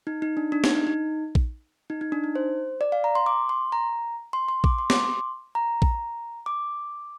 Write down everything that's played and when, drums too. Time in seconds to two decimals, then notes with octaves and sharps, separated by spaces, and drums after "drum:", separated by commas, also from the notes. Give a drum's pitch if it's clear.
0.07 D#4
0.22 D#4
0.37 D4
0.52 D4
0.64 D#4, drum: snare
0.75 D#4
0.87 D#4
1.35 drum: kick A#1
1.90 D#4
2.01 D#4
2.12 D4
2.24 D#4
2.35 C5
2.81 D5
2.92 F5
3.04 A#5
3.15 C6
3.26 D6
3.49 C6
3.72 A#5
4.33 C6
4.49 C6
4.64 D6, drum: kick A#1
4.79 C6
4.90 D6, drum: snare
4.94 C6
5.55 A#5
5.82 drum: kick A#1
6.46 D6